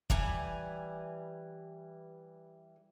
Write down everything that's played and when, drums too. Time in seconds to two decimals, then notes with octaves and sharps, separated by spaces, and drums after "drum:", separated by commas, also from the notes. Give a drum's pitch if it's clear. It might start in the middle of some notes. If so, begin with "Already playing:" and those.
0.10 E3 G3 G#5, drum: kick